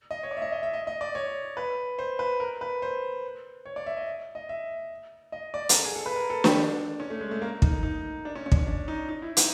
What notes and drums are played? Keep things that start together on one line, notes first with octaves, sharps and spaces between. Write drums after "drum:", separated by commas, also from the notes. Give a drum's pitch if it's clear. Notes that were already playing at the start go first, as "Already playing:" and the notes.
D#5
C#5
D5
E5
D#5
D#5
E5
D#5
D#5
D5
C#5
B4
C5
B4
A#4
B4
C5
C#5
D5
E5
D#5
D#5
E5
D#5
D5
A#4, drum: hi-hat
A4
G#4
A4
B4
A#4
A4
G4, drum: snare
D4
C#4
A3
G#3
A3
A#3
D#4, drum: kick
D#4
D4
C#4
C#4
D4, drum: kick
C#4
D4
D#4
D#4
E4
D#4, drum: hi-hat